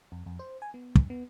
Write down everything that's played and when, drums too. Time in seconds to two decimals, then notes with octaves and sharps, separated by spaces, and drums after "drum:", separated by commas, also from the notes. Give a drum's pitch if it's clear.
0.12 F2
0.26 F2
0.39 C5
0.62 G#5
0.74 B3
0.95 G2, drum: kick
1.10 B3